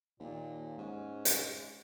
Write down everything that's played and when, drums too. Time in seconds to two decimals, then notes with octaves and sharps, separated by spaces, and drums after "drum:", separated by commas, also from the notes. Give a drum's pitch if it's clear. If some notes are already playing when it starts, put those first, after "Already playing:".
0.20 D#2 A#2
0.78 G#2 C#4
1.25 drum: hi-hat